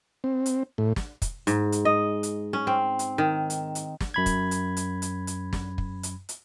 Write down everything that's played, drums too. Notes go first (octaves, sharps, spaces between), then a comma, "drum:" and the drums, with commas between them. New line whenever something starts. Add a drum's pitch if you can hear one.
C4
drum: hi-hat
A2
drum: snare
drum: kick, hi-hat
G#2, drum: hi-hat
drum: hi-hat
D#5
drum: hi-hat
C#4
C4
drum: hi-hat
D#3
drum: hi-hat
drum: hi-hat
drum: snare
F#2 B5 G#6
drum: kick, hi-hat
drum: hi-hat
drum: hi-hat
drum: hi-hat
drum: hi-hat
drum: snare
drum: kick
drum: hi-hat
drum: hi-hat